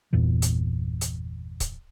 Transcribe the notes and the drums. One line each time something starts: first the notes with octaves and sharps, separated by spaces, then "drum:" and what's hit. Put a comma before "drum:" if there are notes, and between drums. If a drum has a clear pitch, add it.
G1 E2 A#2 E3
drum: hi-hat
drum: hi-hat
drum: kick C#1, hi-hat